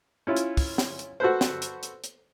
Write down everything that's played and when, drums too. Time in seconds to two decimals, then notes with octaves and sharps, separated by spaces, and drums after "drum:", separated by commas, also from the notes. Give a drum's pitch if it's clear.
0.27 C#4 E4 F4
0.37 drum: hi-hat
0.57 drum: kick, open hi-hat
0.78 drum: snare
0.99 drum: hi-hat
1.20 F#4 A4 B4 C5
1.41 drum: snare
1.62 drum: hi-hat
1.83 drum: hi-hat
2.04 drum: hi-hat